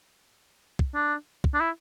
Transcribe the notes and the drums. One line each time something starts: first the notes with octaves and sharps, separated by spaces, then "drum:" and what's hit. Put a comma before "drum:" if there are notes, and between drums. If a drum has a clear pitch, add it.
drum: kick
D4
drum: kick
D4
E4